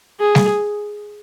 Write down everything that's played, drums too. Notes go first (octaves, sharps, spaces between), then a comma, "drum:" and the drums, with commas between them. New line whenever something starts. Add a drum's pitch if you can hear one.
G#4
drum: snare